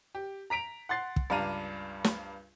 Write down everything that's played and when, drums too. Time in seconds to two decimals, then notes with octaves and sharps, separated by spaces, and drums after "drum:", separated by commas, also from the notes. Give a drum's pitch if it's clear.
0.15 G4
0.50 A#5 B6 D7 F7
0.89 F#5 C6 A6 C7
1.16 drum: kick
1.30 C#2 G2 D4 F5 A#5 D#7
2.04 drum: snare